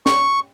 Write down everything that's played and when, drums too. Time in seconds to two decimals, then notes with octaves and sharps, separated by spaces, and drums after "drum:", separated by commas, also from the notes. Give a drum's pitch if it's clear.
0.06 C#6, drum: snare